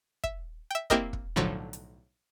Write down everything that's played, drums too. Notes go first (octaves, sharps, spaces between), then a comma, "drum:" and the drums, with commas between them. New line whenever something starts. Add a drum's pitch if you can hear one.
E5, drum: kick
E5 G5
A#3 C4 E4 G4 A#4 D#5, drum: kick
drum: kick
B1 A2 D3 F3 F#3
drum: hi-hat